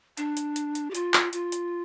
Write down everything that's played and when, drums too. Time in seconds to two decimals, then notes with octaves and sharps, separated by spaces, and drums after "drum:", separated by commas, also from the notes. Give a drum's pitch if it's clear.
0.17 D4, drum: hi-hat
0.37 drum: hi-hat
0.56 drum: hi-hat
0.75 drum: hi-hat
0.91 G4
0.95 F4, drum: hi-hat
1.14 drum: clap
1.33 F4, drum: hi-hat
1.52 drum: hi-hat